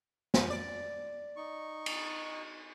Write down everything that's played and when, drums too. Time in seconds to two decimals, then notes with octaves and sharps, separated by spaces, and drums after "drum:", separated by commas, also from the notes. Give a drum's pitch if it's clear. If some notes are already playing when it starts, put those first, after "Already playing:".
0.34 drum: snare
0.50 D5
1.36 D#4 C#6
1.86 drum: cymbal